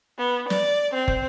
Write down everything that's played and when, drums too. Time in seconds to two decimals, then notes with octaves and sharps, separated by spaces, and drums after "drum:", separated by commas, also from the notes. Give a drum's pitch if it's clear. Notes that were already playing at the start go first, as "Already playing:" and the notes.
0.18 B3
0.50 D5, drum: snare
0.94 C4
1.08 drum: kick